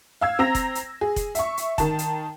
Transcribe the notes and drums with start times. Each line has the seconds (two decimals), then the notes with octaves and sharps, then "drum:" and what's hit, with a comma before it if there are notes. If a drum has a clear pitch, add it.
0.21 F5 E6 G#6
0.39 C4 A#5 E6 A#6
0.55 drum: kick F1, hi-hat
0.75 drum: hi-hat
1.01 G#4
1.16 drum: kick F1, hi-hat
1.35 E5 C#6, drum: hi-hat
1.57 drum: hi-hat
1.78 D#3 A5, drum: kick F1, hi-hat
1.99 drum: hi-hat